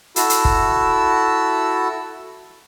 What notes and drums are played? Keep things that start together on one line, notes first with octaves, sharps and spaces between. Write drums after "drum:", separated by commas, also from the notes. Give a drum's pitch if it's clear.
E4 F#4 A4 E6, drum: hi-hat
drum: hi-hat
drum: kick